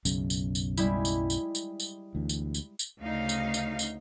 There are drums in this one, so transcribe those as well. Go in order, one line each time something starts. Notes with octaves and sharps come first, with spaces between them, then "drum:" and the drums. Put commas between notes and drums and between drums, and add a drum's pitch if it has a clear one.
B1 F#2 C#3, drum: tambourine
drum: tambourine
drum: tambourine
G3 G#3 E4, drum: tambourine
drum: tambourine
drum: tambourine
drum: tambourine
drum: tambourine
D2 E3
drum: tambourine
drum: tambourine
drum: tambourine
D2 C#3 D#4 F5
drum: tambourine
drum: tambourine
drum: tambourine